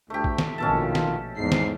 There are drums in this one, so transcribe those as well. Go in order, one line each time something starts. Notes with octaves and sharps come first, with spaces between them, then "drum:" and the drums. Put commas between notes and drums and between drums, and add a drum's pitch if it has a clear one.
D2 A3 G4
drum: kick
drum: snare
A#1 B2 D#3 C#4 F4 A4 A5
drum: snare
E2 G#2 C7
drum: snare